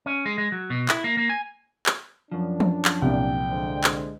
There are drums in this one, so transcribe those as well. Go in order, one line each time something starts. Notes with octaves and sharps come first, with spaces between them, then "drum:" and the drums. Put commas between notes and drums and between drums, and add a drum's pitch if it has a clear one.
C#4
G#3
G#3
F#3
B2
E4, drum: clap
A#3
A#3
G#5
drum: clap
F#2 F3 C#4 D4
drum: tom
drum: clap
C2 A#2 G5
D3 G#3 C5
drum: clap